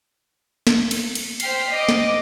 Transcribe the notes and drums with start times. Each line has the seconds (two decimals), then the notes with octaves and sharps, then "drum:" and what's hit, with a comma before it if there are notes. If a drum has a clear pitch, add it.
0.67 drum: snare
0.91 drum: cymbal
1.15 drum: cymbal
1.40 C5 G5 F6 B6 C7, drum: cymbal
1.69 D#5 D6
1.89 drum: snare